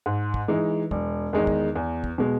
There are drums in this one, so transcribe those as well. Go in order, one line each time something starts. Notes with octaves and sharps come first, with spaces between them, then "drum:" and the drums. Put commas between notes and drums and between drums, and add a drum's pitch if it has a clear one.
G#2
drum: kick
E3 G#3 D#4
E1, drum: kick
E2 D#3 G#3 D#4
drum: kick
E2
drum: kick
B2 G#3